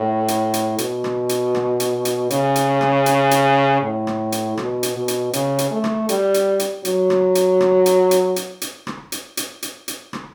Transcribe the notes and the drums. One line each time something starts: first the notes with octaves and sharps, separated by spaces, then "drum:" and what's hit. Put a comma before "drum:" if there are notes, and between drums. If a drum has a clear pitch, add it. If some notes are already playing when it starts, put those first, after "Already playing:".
Already playing: A2
drum: hi-hat
drum: hi-hat
B2, drum: hi-hat
drum: rim click
drum: hi-hat
drum: rim click
drum: hi-hat
drum: hi-hat
C#3, drum: hi-hat
drum: hi-hat
drum: rim click
drum: hi-hat
drum: hi-hat
A2
drum: rim click
drum: hi-hat
B2, drum: rim click
drum: hi-hat
B2
drum: hi-hat
C#3, drum: hi-hat
drum: hi-hat
A3
drum: rim click
G3, drum: hi-hat
drum: hi-hat
drum: hi-hat
F#3, drum: hi-hat
drum: rim click
drum: hi-hat
drum: rim click
drum: hi-hat
drum: hi-hat
drum: hi-hat
drum: hi-hat
drum: rim click
drum: hi-hat
drum: hi-hat
drum: hi-hat
drum: hi-hat
drum: rim click